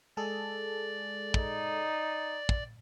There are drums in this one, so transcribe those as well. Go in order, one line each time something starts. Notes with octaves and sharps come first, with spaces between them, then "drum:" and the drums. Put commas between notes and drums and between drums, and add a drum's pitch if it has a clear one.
G#3 G#4 A4 D5
D#4, drum: kick
drum: kick